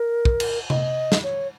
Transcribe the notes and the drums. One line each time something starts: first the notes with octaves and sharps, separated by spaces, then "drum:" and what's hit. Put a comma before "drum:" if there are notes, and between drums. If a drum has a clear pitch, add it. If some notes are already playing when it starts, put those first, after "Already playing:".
Already playing: A#4
drum: kick
drum: cymbal
D#5, drum: tom C3
drum: snare
C#5